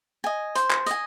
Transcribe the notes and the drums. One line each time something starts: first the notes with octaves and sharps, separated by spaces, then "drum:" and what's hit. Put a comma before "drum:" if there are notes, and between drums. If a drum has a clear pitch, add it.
D#5 G#5
C5, drum: hi-hat
drum: clap
D#5 G#5, drum: hi-hat